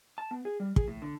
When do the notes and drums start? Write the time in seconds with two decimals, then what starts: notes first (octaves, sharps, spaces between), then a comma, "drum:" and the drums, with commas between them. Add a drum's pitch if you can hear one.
0.18 A5
0.31 B3
0.45 G#4
0.60 G3
0.76 G#4, drum: kick
0.88 A2
1.02 D3